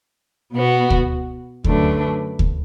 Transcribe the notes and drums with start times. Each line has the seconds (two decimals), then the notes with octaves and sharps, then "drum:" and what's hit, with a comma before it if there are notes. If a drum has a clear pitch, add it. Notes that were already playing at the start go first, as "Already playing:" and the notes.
0.53 B2 B3 F#4
0.90 drum: kick D2
1.64 F#2 D3 A3 D4 B4, drum: kick D2
2.39 drum: kick D2